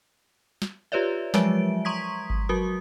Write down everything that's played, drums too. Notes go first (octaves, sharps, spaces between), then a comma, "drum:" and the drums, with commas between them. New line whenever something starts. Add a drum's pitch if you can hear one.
drum: snare
F4 G4 B4 C#5 D5 E5
F3 F#3 G#3 E5 D7, drum: snare
A#5 C6 C#6 D#6 G#6 B6
drum: kick G1
F#3 F#4 A#4 D#6